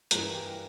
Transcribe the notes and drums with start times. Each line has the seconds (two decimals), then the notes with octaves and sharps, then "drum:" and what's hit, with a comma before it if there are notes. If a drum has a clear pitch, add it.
0.11 G2 E3 G3 A#4, drum: hi-hat
0.34 G4